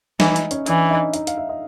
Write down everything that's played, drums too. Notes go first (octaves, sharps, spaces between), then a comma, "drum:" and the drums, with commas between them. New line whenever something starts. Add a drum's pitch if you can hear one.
E3 D#4 D#5, drum: snare
drum: hi-hat
C#4 C#5, drum: hi-hat
E3 D4 D5, drum: hi-hat
D#4 D#5
D#4 D#5, drum: hi-hat
F5, drum: hi-hat
E5
D#5